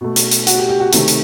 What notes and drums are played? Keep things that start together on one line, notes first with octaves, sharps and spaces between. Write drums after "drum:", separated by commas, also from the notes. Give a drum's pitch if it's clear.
B2 A3
drum: hi-hat
drum: hi-hat
F#4, drum: hi-hat
G4
G4
F#4
C3 D#3 A3 G4, drum: hi-hat
drum: hi-hat